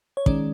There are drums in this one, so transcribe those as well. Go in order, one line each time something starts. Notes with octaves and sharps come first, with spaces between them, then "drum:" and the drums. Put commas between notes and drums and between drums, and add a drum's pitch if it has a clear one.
C#5
D#3 G#3 C#4 D5, drum: kick